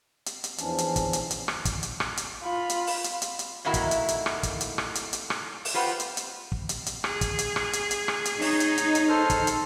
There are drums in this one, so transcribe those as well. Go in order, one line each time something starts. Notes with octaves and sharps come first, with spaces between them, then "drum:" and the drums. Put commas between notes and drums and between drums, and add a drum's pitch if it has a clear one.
drum: hi-hat
drum: hi-hat
E2 E3 F3 C#4 D4, drum: hi-hat
drum: hi-hat
drum: kick, hi-hat
drum: hi-hat
drum: hi-hat
drum: rim click
drum: kick, hi-hat
drum: hi-hat
drum: rim click
drum: hi-hat
F4 B5
drum: hi-hat
drum: open hi-hat
drum: hi-hat
drum: hi-hat
drum: hi-hat
A2 D#3 A#3 E4 F#4 E5
drum: kick, hi-hat
drum: hi-hat
drum: hi-hat
drum: rim click
drum: kick, hi-hat
drum: hi-hat
drum: rim click
drum: hi-hat
drum: hi-hat
drum: rim click
drum: open hi-hat
F4 G4 B4 C5 F#5
drum: hi-hat
drum: hi-hat
drum: kick
drum: hi-hat
drum: hi-hat
G#4, drum: rim click
drum: kick, hi-hat
drum: hi-hat
drum: rim click
drum: hi-hat
drum: hi-hat
drum: rim click
drum: hi-hat
D#4 C#5, drum: open hi-hat
drum: hi-hat
drum: hi-hat
drum: hi-hat
A4 C5 F6
drum: kick, hi-hat
drum: hi-hat